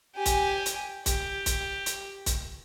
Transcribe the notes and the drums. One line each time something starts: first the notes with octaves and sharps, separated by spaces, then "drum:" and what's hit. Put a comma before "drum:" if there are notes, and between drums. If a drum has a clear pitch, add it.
G4 G#5
drum: kick, hi-hat
drum: hi-hat
G4, drum: kick, hi-hat
drum: kick, hi-hat
drum: hi-hat
drum: kick, hi-hat